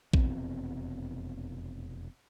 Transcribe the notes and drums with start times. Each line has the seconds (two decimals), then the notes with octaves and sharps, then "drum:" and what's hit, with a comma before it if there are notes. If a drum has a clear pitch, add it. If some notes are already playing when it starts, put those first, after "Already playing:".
0.13 F1 E2 B2 C4, drum: kick A#1